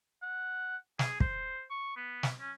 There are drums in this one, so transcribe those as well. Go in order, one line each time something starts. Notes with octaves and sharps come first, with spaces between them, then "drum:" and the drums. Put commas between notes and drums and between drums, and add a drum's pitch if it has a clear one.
F#5
G#4, drum: snare
C5, drum: kick
C#6
B3
drum: snare
C#4